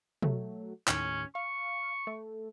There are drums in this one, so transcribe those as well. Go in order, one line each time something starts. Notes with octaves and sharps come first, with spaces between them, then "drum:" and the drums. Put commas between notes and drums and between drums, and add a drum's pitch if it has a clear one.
F#3 A3, drum: tom B2
D#2 A2 C#4, drum: clap
F5 C#6
A3